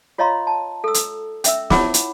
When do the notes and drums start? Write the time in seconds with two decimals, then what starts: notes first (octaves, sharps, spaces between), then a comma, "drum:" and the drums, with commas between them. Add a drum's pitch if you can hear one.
0.18 F4 C#5 D#5 F5 A#5 C6
0.47 A5
0.84 A4 E6
0.94 drum: hi-hat
1.44 C#4 E5 E6, drum: hi-hat
1.70 E4 F4 C#5 F#5 B5 D6, drum: snare
1.94 drum: hi-hat